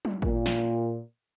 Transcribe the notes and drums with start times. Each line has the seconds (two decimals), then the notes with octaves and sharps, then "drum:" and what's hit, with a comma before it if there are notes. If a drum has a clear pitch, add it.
0.05 drum: tom F#3
0.22 A#2, drum: kick G#1
0.46 drum: snare